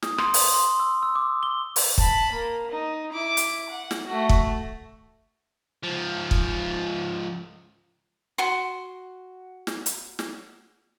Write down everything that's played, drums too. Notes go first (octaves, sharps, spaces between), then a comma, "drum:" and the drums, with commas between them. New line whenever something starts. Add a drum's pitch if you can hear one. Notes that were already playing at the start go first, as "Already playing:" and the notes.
D#6, drum: snare
C6, drum: rim click
drum: open hi-hat
C6
E6
E6
D6
G7
drum: open hi-hat
A5 B5, drum: kick
A#3
D#4
E4 D6
drum: hi-hat
F#5
drum: snare
A3 F#4
drum: kick
C#2 F3
drum: kick
F#4 C6
drum: snare
drum: hi-hat
drum: snare